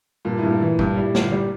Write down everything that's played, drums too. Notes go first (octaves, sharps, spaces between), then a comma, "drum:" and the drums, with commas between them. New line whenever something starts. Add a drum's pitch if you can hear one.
G2 A#2
A2
G2
A#2
E3
G2, drum: kick
A2 G3
G1, drum: snare
G3